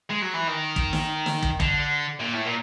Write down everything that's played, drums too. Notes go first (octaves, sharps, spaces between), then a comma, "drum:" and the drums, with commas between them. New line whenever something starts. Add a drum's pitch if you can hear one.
G#3
F#3
E3
D#3
drum: kick
drum: snare
drum: snare
drum: kick
D3, drum: kick
A#2
A2
A#2